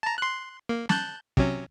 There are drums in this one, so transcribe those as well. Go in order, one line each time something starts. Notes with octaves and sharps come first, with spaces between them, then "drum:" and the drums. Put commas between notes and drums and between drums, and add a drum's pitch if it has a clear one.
A5 A#5
C6 F#6
A#3
A5 F#6 G6, drum: snare
C3 F#3 C#4, drum: kick